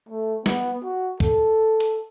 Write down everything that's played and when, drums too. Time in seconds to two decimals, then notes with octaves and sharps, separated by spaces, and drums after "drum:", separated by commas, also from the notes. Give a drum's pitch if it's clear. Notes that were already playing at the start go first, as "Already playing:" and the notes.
0.09 A3
0.46 B3, drum: snare
0.83 F#4
1.20 A4, drum: kick
1.80 drum: hi-hat